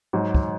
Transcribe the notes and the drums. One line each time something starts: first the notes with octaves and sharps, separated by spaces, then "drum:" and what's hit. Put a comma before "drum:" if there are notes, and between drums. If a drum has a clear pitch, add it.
G#2 F#3
drum: kick